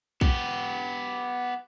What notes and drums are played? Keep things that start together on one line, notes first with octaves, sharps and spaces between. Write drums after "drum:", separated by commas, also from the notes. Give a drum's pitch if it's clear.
B3 G4, drum: kick